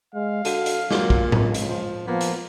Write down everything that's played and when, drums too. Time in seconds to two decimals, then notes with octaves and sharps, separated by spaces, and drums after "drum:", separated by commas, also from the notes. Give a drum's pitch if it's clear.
0.14 G#3 F5
0.45 D3 F#4, drum: hi-hat
0.66 drum: hi-hat
0.91 A#2 F#3, drum: snare
1.10 drum: kick
1.32 C#2, drum: tom A2
1.54 drum: hi-hat
1.68 F3
2.07 F3 A#3 B3
2.21 drum: hi-hat